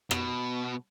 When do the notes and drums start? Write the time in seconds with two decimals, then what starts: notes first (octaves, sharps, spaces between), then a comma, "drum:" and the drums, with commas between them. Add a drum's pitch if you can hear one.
0.11 B2, drum: rim click